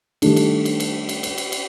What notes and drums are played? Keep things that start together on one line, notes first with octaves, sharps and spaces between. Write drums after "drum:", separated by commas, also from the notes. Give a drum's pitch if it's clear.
D#3 G3 A3 D4, drum: cymbal
drum: cymbal
drum: cymbal
drum: cymbal
drum: cymbal
drum: cymbal
drum: cymbal
drum: cymbal